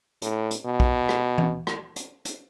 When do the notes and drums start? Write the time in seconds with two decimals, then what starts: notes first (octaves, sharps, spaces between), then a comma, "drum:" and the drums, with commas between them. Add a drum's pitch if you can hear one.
0.22 A2, drum: hi-hat
0.51 drum: hi-hat
0.66 B2
0.80 drum: kick
1.09 drum: rim click
1.38 drum: tom E3
1.67 drum: rim click
1.96 drum: hi-hat
2.25 drum: hi-hat